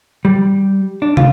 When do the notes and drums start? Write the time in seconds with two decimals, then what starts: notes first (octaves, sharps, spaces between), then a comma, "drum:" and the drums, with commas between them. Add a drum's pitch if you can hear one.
0.25 G3
1.02 D4
1.17 F4, drum: tom